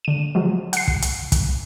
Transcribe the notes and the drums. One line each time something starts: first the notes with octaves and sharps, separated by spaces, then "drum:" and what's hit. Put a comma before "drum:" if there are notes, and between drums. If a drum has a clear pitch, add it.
D3 D#7
F3 F#3 G#3
F#5 C7, drum: hi-hat
drum: kick
drum: hi-hat
drum: kick, hi-hat